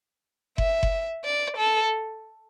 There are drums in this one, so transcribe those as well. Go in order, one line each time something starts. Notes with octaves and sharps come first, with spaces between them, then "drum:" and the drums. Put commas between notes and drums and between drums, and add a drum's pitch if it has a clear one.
E5, drum: kick F#1
drum: kick F#1
D5
A4